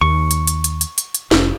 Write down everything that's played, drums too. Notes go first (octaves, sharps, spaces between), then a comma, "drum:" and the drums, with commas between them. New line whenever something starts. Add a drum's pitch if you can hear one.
D#2 C#6
drum: hi-hat
drum: hi-hat
drum: hi-hat
drum: hi-hat
drum: hi-hat
drum: hi-hat
F1 A2 C#4, drum: snare